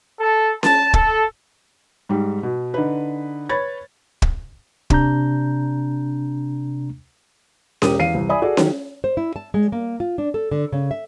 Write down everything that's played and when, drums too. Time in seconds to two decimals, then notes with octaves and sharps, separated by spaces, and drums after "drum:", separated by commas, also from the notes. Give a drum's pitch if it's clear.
0.20 A4
0.63 A5, drum: snare C#4
0.94 A4, drum: kick
2.09 G#2 G3
2.43 B2
2.74 D3 D#4 B4
3.49 B4 C#5 B5 G#6 A6
4.22 drum: kick
4.90 C3 D4 A#5 G6, drum: kick
7.82 E1 G4 A#4 D#6 D#7, drum: snare C#4
7.99 E2 F5 C7 D#7
8.14 C2 E3
8.29 D5 E5 G#5 B5 D#6
8.42 F#4 G#4 A4 D5
8.57 D#3 E3 F#3 C#4, drum: snare C#4
9.04 C5
9.17 E4
9.36 A5
9.54 G#3
9.72 A#3
10.00 F4
10.18 D4
10.34 A4
10.51 D3
10.72 C#3
10.91 E5